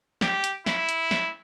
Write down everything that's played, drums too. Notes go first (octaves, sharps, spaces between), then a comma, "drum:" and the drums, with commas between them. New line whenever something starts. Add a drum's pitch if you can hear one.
G4, drum: snare
drum: hi-hat
E4, drum: snare
drum: hi-hat
drum: snare